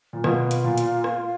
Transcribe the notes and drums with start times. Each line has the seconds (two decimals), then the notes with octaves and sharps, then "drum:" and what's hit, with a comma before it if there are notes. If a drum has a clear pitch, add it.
0.13 A#2
0.24 B2 F4, drum: rim click
0.51 drum: hi-hat
0.64 A#2
0.78 drum: hi-hat
1.04 drum: rim click